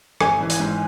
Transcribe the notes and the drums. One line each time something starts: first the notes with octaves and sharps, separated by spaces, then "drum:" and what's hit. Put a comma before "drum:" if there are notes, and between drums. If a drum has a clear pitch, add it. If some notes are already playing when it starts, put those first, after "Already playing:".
G#1 G#5, drum: rim click
E3
drum: hi-hat
G#2